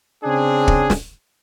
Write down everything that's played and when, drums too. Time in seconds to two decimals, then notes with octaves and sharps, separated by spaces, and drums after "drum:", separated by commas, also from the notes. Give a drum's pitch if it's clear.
0.23 C#3 C4 D4 G#4
0.68 drum: kick
0.90 drum: snare